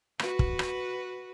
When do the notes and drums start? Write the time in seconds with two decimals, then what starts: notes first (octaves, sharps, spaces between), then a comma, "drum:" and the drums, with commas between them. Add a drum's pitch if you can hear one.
0.19 F#4 B4, drum: rim click
0.39 drum: kick
0.59 drum: rim click